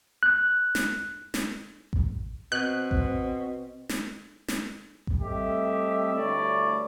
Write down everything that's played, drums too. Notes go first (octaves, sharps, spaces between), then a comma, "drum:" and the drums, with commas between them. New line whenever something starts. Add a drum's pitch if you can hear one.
F#6
drum: snare
drum: snare
drum: kick A1
B2 C4 F#6
drum: kick A1
drum: snare
drum: snare
drum: kick A1
G3 A3 C4 G4 D#5 E5
D2 G2 A3 E4 C#5 D5